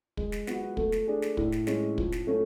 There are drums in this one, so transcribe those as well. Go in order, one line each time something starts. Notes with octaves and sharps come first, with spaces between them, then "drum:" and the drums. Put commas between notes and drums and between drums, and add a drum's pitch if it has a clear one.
G#3, drum: kick
drum: snare
B3 F#4, drum: snare
A3, drum: kick
drum: snare
D4 G#4
drum: snare
A2, drum: kick
drum: snare
G#3 C#4, drum: snare
F3, drum: kick
drum: snare
A3 C#4